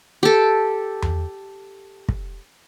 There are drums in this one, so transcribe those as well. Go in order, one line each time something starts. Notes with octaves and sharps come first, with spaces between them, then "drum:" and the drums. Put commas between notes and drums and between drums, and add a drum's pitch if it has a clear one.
G4 A4
drum: tom E2
drum: kick